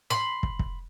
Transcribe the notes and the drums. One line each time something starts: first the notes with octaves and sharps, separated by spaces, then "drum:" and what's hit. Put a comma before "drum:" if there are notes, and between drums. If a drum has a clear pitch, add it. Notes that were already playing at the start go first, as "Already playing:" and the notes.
B5 C6, drum: snare
drum: kick
drum: kick